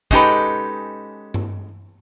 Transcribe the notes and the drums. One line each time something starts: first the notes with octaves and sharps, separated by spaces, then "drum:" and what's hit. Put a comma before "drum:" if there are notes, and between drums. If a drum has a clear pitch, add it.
G#3 C#4 D#4 G4 A4 B4, drum: kick
drum: tom G2